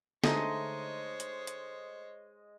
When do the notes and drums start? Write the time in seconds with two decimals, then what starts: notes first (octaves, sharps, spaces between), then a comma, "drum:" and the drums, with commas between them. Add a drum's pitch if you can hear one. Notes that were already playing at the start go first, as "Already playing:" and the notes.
0.24 D3 G#3 A3 D#4 C5 C#5 D#5, drum: snare
1.20 drum: hi-hat
1.47 drum: hi-hat